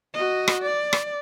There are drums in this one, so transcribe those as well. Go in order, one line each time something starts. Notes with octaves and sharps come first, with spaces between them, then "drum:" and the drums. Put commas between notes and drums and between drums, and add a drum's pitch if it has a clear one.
F#4 D#5
drum: rim click
D5
drum: rim click